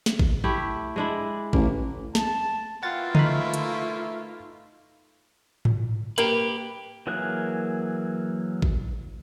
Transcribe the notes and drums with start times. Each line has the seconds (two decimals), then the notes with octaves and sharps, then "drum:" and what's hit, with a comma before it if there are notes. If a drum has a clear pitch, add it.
0.06 drum: snare
0.19 drum: kick G#1
0.44 A3 E4 G4
0.96 G#3 D4 E4
1.53 A1 A#3, drum: kick G#1
2.15 A5, drum: snare
2.83 B2 A#3 E4 F4 F#5 G5 A6
3.15 A3 D#4 F5 B5, drum: tom C#3
3.54 drum: hi-hat
5.65 drum: tom G#2
6.18 A#3 G4 B4, drum: hi-hat
7.07 E3 F#3 A#3 G#4 F#6
8.62 drum: kick G#1